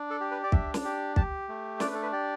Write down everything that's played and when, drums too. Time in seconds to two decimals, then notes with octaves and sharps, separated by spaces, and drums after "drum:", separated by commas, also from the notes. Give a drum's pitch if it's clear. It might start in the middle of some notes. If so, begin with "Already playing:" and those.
Already playing: D4
0.10 A4
0.21 G4
0.31 B4
0.43 D5
0.52 D4 E5, drum: kick
0.74 drum: snare
0.85 G4
1.16 G4 A5, drum: kick
1.48 A3
1.80 D4 D5, drum: snare
1.87 B4
1.94 A4
2.03 B4
2.12 G4 D5